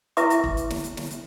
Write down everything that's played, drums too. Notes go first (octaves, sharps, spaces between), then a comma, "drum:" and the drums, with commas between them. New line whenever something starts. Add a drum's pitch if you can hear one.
E4 B4 E5 C#6 D6, drum: hi-hat
drum: hi-hat
drum: kick E1
drum: hi-hat
drum: snare
drum: hi-hat
drum: snare
drum: hi-hat